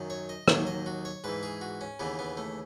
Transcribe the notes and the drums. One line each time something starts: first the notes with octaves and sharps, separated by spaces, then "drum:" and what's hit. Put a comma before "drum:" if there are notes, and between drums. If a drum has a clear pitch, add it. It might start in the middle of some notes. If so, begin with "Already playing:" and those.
Already playing: F#2 D#3 F#3
C#5
D#5
D#2 D#3 F#3 C#5, drum: rim click
D#5
F#4
C#5
G#2 E3 B4
G#4
F#4
C#4
D#2 C#3 E3 B3
B3
A3